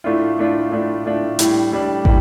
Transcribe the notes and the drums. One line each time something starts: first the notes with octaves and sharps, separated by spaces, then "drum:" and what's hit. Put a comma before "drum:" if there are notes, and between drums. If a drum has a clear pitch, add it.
A2 A3 D4 F4
A2 A3 D4 F4
A2 A3 D4 F4
A2 A3 D4 F4
A2 G3 D4, drum: hi-hat
A2 G3 D4
A2 G3, drum: kick